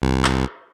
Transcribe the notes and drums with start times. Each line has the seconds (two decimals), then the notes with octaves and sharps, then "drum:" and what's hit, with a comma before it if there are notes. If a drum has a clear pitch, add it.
0.02 C2
0.25 drum: clap